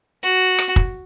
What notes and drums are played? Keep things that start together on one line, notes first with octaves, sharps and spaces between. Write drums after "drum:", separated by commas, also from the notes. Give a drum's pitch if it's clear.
F#4
drum: rim click
drum: kick